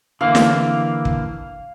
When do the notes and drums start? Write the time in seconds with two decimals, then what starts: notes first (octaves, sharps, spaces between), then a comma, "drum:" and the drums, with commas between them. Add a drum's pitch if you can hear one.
0.21 D3 E3 A#3 F5
0.35 drum: snare
1.05 drum: kick